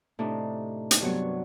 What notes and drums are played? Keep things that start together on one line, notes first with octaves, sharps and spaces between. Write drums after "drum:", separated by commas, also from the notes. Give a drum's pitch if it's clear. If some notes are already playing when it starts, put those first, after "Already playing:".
A2 C3 D4 D#4
drum: hi-hat
G2 C3 F#3 B3 F#4 C#5